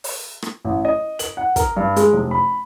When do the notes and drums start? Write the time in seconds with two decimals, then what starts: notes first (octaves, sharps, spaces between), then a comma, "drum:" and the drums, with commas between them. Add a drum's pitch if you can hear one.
0.04 drum: open hi-hat
0.42 drum: rim click
0.65 A1
0.85 D#5
1.19 F#7, drum: hi-hat
1.37 F#5
1.56 A#4, drum: kick, hi-hat
1.77 G2
1.96 G#3, drum: hi-hat
2.13 F1
2.31 B5